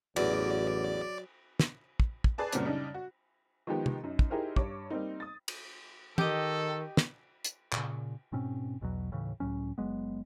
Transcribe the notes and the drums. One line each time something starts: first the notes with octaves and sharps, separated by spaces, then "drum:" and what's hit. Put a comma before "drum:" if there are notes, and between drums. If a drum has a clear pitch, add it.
A1 E2 F#3 D5, drum: cymbal
drum: snare
drum: kick
drum: kick
G#4 B4 D5 A5
F#2 A#2 C#3 G3 B3 C4, drum: hi-hat
C#3 G3 D4 D#4
F#4
D#3 F3 G#3 B3 D#4 G4
drum: tom
F#2 D#4
drum: kick
D#4 E4 G4 G#4 A#4 C5
G2 C#5 D6, drum: kick
G3 A#3 C4 D#4
D#6 A6
drum: cymbal
D#3 G4 A4 D#5, drum: tom
drum: snare
drum: hi-hat
A#2 C#3, drum: clap
G#2 B2 C4 C#4
B1 E2 B2 F#3
D#2 A2 C#3 E3
C#2 A2 F#3 C#4
F#1 F#3 G#3 B3